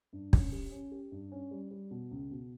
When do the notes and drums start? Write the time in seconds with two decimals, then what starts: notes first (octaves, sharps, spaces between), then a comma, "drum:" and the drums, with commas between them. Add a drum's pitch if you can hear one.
0.13 G2
0.33 C#4, drum: kick
0.52 G4
0.72 C#4
0.92 G4
1.12 G2
1.32 C#4
1.51 G3
1.71 G3
1.91 B2
2.11 C#2
2.31 B2